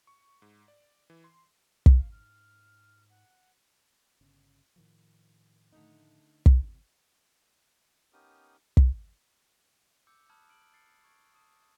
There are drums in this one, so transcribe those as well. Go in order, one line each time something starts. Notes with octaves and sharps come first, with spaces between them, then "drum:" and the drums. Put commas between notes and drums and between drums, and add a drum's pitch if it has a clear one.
C#6
G#2
D5
E3
C6
G#2 F5, drum: kick
F6
F#5
G1 C#3
A2 D#3 F3
D3 A3 D#4
E2 C3, drum: kick
B3 C#4 D#4 G4 A#4 D#6
drum: kick
D6 E6 G6 C#7
A5 B5 D#6 F6 F#6 G#6
F6 D7 F#7
A6 C7 C#7
C#6 G#6 D7
A5 D#6